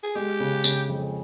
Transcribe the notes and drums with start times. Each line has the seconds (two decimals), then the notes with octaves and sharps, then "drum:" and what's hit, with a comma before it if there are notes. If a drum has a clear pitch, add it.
0.03 G#4
0.15 G#3 G4
0.40 C#3
0.64 C#3, drum: tambourine
0.89 F2